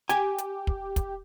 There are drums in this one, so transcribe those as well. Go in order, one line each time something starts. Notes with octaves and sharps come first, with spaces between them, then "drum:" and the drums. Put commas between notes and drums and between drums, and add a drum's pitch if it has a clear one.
G4 G#5, drum: hi-hat
drum: hi-hat
drum: kick
drum: kick, hi-hat